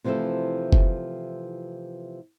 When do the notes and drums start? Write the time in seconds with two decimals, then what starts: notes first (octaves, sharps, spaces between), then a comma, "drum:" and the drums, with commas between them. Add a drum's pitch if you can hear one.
0.04 C3 E3 F3 A3 E4 A4
0.73 drum: kick F#1